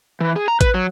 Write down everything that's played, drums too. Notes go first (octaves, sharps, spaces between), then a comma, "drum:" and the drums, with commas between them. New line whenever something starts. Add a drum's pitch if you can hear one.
E3
G#4
A#5
B4, drum: kick, hi-hat
F#3